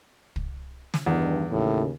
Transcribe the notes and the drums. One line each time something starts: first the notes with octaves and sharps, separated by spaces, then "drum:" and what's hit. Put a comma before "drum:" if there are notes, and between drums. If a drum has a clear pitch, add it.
drum: kick
drum: snare
E2 G2 D#3
D#2 A2 C#3